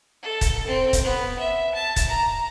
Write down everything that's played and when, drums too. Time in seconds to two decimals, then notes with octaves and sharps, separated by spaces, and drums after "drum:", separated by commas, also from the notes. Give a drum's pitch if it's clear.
0.22 A4
0.41 drum: kick D#1, hi-hat
0.67 C4
0.93 drum: kick D#1, hi-hat
1.04 B3
1.39 E5
1.75 A5
1.96 drum: kick D#1, hi-hat
2.08 A#5